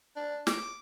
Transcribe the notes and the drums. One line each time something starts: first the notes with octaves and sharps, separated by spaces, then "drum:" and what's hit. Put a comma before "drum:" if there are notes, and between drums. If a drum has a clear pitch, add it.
D4
D6, drum: snare